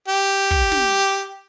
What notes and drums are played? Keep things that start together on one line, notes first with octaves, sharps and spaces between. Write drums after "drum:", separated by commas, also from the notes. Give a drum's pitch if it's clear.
G4
drum: kick
drum: snare